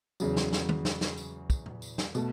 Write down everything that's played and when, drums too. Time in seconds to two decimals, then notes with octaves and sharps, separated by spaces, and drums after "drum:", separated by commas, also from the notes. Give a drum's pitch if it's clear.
0.20 E2 C#3 F#3, drum: tambourine
0.37 drum: snare
0.53 drum: snare
0.69 drum: tom
0.85 drum: snare
1.01 drum: snare
1.17 drum: tambourine
1.50 drum: kick, tambourine
1.66 drum: tom
1.82 drum: tambourine
1.98 drum: snare
2.15 B2 A3, drum: tambourine